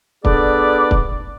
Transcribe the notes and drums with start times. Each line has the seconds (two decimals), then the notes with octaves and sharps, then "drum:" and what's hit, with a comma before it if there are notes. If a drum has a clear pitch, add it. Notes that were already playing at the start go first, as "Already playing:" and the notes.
0.25 B3 D4 G#4 A4 B4 D5, drum: kick
0.91 drum: kick